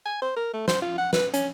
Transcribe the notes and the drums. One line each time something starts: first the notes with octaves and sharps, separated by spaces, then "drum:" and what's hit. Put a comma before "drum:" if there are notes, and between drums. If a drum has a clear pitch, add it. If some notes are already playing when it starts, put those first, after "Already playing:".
G#5
C5
A#4
A3
C5, drum: snare
F4
F#5
B4, drum: snare
C#4, drum: hi-hat